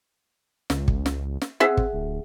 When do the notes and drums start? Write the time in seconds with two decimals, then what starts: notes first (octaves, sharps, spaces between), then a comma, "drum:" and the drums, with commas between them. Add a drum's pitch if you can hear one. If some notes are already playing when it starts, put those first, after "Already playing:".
0.70 C#2, drum: snare
0.88 drum: kick
1.06 drum: snare
1.42 drum: snare
1.60 C4 G#4 E5 F#5
1.77 drum: kick
1.93 D1